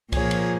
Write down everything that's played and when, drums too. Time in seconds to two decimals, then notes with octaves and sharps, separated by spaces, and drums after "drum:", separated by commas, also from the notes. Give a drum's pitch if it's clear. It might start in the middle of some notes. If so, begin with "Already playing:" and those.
0.12 A#2 F3 A#3 G#4 C#5, drum: kick C2, cymbal
0.31 drum: cymbal